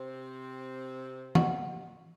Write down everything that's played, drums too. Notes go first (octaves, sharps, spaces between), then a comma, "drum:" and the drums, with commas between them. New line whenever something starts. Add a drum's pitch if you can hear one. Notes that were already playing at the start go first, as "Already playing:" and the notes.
Already playing: C3 C4
F#4, drum: tom E3